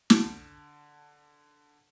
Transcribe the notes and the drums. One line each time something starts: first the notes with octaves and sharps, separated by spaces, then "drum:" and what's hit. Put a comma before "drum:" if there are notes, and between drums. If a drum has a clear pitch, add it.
D3 A5 D7, drum: snare